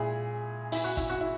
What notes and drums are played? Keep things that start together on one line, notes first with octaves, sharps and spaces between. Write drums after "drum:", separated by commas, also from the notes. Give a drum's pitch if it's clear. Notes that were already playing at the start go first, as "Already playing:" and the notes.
Already playing: A#2 G#3 E4 G#4
E4, drum: open hi-hat
F#4
E4, drum: kick, hi-hat
F#4
E4